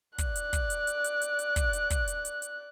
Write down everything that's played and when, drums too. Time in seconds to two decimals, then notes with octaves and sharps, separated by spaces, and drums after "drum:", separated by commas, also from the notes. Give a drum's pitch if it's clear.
0.18 D5 F#6, drum: kick, hi-hat
0.36 drum: hi-hat
0.53 drum: kick, hi-hat
0.70 drum: hi-hat
0.87 drum: hi-hat
1.04 drum: hi-hat
1.22 drum: hi-hat
1.39 drum: hi-hat
1.56 drum: kick, hi-hat
1.73 drum: hi-hat
1.90 drum: kick, hi-hat
2.08 drum: hi-hat
2.25 drum: hi-hat
2.42 drum: hi-hat